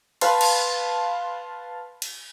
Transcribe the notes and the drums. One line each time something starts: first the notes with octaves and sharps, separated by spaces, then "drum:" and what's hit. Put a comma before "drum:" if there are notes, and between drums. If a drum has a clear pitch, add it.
B4 F5 A5 C6, drum: cymbal
drum: cymbal
drum: cymbal